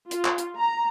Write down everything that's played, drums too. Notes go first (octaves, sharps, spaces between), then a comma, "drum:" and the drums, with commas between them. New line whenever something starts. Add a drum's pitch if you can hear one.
F4, drum: hi-hat
drum: clap
drum: hi-hat
A#5